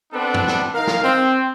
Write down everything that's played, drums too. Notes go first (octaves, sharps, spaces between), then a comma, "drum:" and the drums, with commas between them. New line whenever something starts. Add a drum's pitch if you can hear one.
B3 C4 D4 A4 B4
drum: tom
drum: snare
D#4 A#4 F5
drum: snare
C4